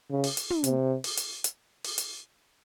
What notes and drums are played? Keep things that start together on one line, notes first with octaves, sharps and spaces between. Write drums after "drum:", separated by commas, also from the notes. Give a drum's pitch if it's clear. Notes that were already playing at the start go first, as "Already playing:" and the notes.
C#3
drum: open hi-hat
drum: hi-hat
drum: tom
C3, drum: hi-hat
drum: open hi-hat
drum: hi-hat
drum: hi-hat
drum: open hi-hat
drum: hi-hat